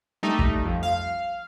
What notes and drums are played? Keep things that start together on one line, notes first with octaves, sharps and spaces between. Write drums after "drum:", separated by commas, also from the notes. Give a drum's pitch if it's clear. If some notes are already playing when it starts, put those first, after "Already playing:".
G3 A3 D#4
drum: kick
F2
F5